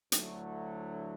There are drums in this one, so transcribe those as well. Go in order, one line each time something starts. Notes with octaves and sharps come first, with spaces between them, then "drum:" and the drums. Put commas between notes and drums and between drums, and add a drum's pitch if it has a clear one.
D2 D3 F#3 A3 E4, drum: hi-hat